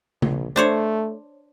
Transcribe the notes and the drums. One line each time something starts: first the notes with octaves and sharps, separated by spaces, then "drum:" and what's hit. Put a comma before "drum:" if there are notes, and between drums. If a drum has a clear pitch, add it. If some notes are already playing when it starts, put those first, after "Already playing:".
A#1, drum: tom C#3
A3 D4 C5 C#5